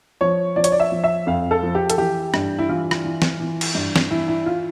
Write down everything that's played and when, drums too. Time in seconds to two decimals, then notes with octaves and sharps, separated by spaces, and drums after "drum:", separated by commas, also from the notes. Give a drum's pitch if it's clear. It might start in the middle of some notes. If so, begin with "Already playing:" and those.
0.21 F3 C#5
0.56 F3 D5
0.64 C#5, drum: hi-hat
0.72 D5
0.80 E5
0.92 F3
1.04 E5
1.27 F2 F5
1.51 A4
1.63 F3
1.75 G4
1.90 A4, drum: hi-hat
1.98 E3 G4
2.34 G2, drum: rim click
2.59 E4
2.69 E3 F4
2.91 drum: rim click
3.04 E3
3.22 drum: snare
3.40 E3
3.61 drum: cymbal
3.75 G2
3.96 drum: snare
4.10 E3 E4
4.28 E4
4.46 F4